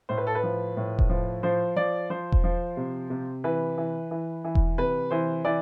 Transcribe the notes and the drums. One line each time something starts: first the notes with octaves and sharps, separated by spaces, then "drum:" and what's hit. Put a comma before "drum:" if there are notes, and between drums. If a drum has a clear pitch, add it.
A2 C5
B4
A4
B4
F3
A2
drum: kick E1
F3
F3 C5
F3 D5
F3 C5
drum: kick E1
F3
C3
C3
E3 B4
E3
E3
E3
drum: kick E1
C3 B4
E3 C5
E3 D5